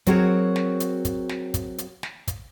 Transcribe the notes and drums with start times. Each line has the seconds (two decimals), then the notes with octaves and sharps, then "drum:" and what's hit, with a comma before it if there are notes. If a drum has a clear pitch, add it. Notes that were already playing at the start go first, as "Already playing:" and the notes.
0.07 F#3 C4 F#4 G#4 A#4 C#5, drum: kick, hi-hat
0.56 drum: snare
0.80 drum: hi-hat
1.05 drum: kick, hi-hat
1.29 drum: snare
1.54 drum: kick, hi-hat
1.78 drum: hi-hat
2.03 drum: snare
2.28 drum: kick, hi-hat